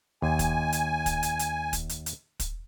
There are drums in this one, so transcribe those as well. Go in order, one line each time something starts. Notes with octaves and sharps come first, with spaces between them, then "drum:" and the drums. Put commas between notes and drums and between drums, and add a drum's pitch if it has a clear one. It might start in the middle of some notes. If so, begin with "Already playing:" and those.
D#2 G#5
drum: kick, hi-hat
drum: hi-hat
drum: kick, hi-hat
drum: hi-hat
drum: hi-hat
drum: kick, hi-hat
drum: hi-hat
drum: hi-hat
drum: kick, hi-hat